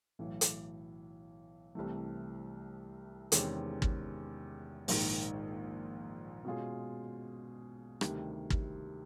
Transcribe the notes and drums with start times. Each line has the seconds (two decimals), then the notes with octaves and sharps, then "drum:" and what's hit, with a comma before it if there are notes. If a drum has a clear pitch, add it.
0.19 B1 A2 E3
0.41 drum: hi-hat
1.75 C2 C3 E3 A3
3.32 E2 C3 D#3 G#3 C#4, drum: hi-hat
3.82 drum: kick
4.88 A#1 G#2 D#3, drum: open hi-hat
6.45 B2 G#3 C#4 F4 G#4
8.01 D2 C3 D#3 G3, drum: rim click
8.50 drum: kick